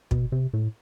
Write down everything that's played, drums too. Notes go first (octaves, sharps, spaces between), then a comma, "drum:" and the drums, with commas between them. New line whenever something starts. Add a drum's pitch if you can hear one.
B2, drum: kick
C3
A2